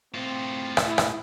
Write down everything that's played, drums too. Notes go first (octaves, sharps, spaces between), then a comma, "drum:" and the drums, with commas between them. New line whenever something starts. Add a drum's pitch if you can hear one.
A2 C4 F4
drum: rim click
E4
drum: rim click